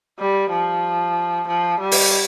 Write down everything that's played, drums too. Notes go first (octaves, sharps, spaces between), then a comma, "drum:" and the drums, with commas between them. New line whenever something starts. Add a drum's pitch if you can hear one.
G3
F3
F3
G3
drum: open hi-hat